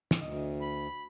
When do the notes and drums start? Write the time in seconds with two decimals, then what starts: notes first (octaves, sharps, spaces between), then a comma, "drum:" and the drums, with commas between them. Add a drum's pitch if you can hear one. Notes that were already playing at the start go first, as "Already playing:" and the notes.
0.11 drum: snare
0.20 D2 D#5
0.61 B5